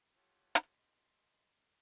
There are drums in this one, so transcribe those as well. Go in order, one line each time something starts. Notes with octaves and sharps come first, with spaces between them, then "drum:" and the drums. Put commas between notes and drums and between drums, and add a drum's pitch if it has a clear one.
F4 G4 A4 C#5 F#5
drum: hi-hat
D#5 B5 C6